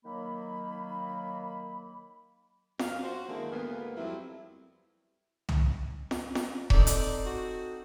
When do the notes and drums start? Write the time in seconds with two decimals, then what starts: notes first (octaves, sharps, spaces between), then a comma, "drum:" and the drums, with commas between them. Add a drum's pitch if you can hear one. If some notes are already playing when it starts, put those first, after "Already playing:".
0.05 D#3 F#3 A#3 B5
2.79 F#2 F5, drum: snare F4
3.03 F#4 C5
3.28 F#2 D3 D#3 G#3 A#3 E4
3.50 D2 G#2 A#3 B3
3.96 F2 F#3 G3 C4 E4
5.49 drum: tom C2
6.11 drum: snare F4
6.35 drum: snare F4
6.70 C4 D#4 A4 D5, drum: kick E1
6.87 drum: hi-hat
7.26 F#4